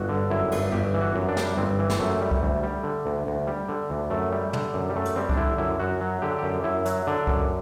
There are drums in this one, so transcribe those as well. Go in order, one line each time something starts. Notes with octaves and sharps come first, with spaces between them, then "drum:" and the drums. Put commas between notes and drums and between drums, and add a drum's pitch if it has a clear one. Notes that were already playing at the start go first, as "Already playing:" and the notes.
Already playing: G1 F#4
D3
F#2 E4
G1, drum: cymbal
G1 G4
E3
F#4
F#2
D4
G3, drum: snare
G1 C4
E3
drum: snare
F#2 A3
G3
drum: kick C2
D2
G3
D3
D2
D2
G3
D3
D2
F#2 A3
G3
D3, drum: tom
F#2
G3
F#2 A3
drum: hi-hat
G3 C4
D4, drum: kick C2
D3 E4
F#2 E4
F#2 F#4
F#3
D3 G4
F#2 G4
F#2 E4
F#3, drum: hi-hat
D3 D4
F#2, drum: kick C2